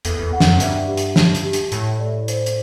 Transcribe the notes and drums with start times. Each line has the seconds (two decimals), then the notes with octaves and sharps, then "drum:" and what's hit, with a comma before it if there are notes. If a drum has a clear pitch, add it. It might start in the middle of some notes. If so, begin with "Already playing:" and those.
0.05 E2 A4, drum: hi-hat
0.19 E2
0.33 F#5
0.40 E2, drum: snare
0.46 F#2
0.60 G2 E5, drum: hi-hat
0.88 G4
0.97 drum: hi-hat
1.16 A5, drum: snare
1.35 drum: hi-hat
1.44 G4
1.53 drum: hi-hat
1.72 A2 B5, drum: hi-hat
1.99 D5
2.28 C5, drum: hi-hat
2.46 drum: hi-hat